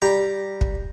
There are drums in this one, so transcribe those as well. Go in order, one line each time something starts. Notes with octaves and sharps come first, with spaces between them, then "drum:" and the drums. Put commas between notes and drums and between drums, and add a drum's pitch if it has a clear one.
G3 G5 A#5
drum: kick